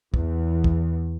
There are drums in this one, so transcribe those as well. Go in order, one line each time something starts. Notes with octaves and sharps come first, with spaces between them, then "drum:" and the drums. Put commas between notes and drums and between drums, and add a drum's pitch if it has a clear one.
E2, drum: kick
drum: kick